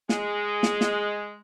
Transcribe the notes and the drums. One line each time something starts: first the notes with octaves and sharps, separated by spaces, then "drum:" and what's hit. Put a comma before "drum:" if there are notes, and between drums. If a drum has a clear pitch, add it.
G#3, drum: snare
drum: snare
drum: snare